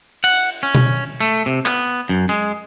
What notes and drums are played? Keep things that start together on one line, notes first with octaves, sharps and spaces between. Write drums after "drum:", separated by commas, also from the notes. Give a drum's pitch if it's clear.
F#5, drum: cymbal
C#4
drum: tom B2
A3
C3
B3, drum: clap
F#2
G#3